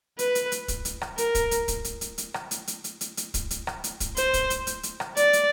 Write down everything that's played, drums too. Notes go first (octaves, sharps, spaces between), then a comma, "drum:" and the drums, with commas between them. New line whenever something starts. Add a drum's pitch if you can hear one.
B4, drum: hi-hat
drum: hi-hat
drum: hi-hat
drum: kick, hi-hat
drum: hi-hat
drum: rim click
A#4, drum: hi-hat
drum: kick, hi-hat
drum: hi-hat
drum: kick, hi-hat
drum: hi-hat
drum: hi-hat
drum: hi-hat
drum: rim click
drum: hi-hat
drum: hi-hat
drum: hi-hat
drum: hi-hat
drum: hi-hat
drum: kick, hi-hat
drum: hi-hat
drum: rim click
drum: hi-hat
drum: kick, hi-hat
C5, drum: hi-hat
drum: kick, hi-hat
drum: hi-hat
drum: hi-hat
drum: hi-hat
drum: rim click
D5, drum: hi-hat
drum: hi-hat